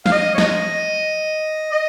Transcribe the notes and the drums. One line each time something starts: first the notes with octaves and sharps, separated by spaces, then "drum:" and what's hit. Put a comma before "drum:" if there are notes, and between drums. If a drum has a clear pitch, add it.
F5, drum: snare
D#5
C#5
D#5, drum: snare
D#5